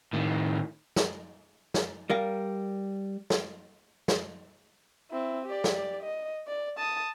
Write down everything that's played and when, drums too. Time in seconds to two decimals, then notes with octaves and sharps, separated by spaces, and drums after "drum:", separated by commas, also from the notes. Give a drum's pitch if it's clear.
0.13 A2 D#3
0.96 drum: snare
1.74 drum: snare
2.10 G3 A#4 F5
3.30 drum: snare
4.08 drum: snare
5.10 C4 E4
5.46 G4 D5
5.64 drum: snare
6.03 D#5
6.47 D5
6.77 A5 D#6